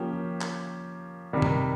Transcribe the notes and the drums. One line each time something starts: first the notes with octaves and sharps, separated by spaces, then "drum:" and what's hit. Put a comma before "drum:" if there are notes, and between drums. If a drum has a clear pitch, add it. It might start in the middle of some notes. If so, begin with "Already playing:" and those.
Already playing: F3 A#3 C#4 G4
drum: clap
C3 D#3 G3
drum: tom F#2